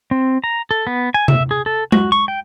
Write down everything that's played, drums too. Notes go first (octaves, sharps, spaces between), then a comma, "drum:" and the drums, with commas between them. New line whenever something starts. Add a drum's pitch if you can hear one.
C4
A#5
A4
B3
G#5
E5, drum: tom C3
G#4
A4
F#4, drum: tom G#3
C#6
G5